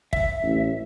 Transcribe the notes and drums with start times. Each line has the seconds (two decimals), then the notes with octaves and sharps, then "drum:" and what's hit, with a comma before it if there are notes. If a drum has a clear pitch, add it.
0.13 E5, drum: kick
0.42 A1